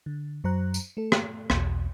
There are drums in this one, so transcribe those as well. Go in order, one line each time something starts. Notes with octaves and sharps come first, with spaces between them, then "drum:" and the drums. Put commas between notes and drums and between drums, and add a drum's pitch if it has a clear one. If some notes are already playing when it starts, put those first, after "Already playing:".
D3
F#2 F#3 C5 A#5 F#6
drum: tambourine
A3 A4
drum: rim click
B1 E2 B2, drum: rim click